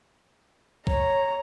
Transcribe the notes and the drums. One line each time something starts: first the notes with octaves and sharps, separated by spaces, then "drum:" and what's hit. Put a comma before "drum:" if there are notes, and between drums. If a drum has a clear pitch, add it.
C#5 A#5, drum: kick